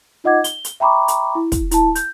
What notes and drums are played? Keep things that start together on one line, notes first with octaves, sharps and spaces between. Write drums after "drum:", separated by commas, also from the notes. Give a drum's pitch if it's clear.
D#4 F4 D#5 F#5 D6 G#6
G7, drum: hi-hat
drum: hi-hat
E5 G5 A#5 B5 C#6 D6
drum: hi-hat
E4
drum: kick, hi-hat
E4 A5, drum: hi-hat
G6, drum: hi-hat